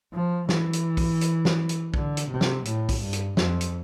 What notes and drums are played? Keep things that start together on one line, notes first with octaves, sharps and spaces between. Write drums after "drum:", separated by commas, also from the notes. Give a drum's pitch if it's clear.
F3
E3, drum: snare
drum: hi-hat
drum: kick B1, open hi-hat
drum: hi-hat
drum: snare
drum: hi-hat
D3, drum: kick B1
drum: hi-hat
C3
drum: snare
A2, drum: hi-hat
drum: kick B1, open hi-hat
G2
drum: hi-hat
F2, drum: snare
drum: hi-hat